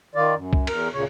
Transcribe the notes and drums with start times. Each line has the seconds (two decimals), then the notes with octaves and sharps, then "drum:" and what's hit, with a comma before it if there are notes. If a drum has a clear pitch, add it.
0.15 D#3 F4 D5
0.34 F#2
0.53 drum: kick C2
0.67 E2 A#4, drum: cymbal
0.93 D2 A#2 C#3 C#5